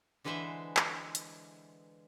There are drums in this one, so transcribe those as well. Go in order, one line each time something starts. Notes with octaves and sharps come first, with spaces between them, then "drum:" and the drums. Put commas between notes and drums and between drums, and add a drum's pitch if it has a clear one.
D3 E3 G#3 B4 C5 E5
drum: clap
drum: hi-hat